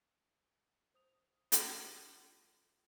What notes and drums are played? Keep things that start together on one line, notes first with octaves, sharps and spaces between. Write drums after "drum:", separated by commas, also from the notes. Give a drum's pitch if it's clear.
C5 D#6 F7
F3 G#3 F4 A5, drum: hi-hat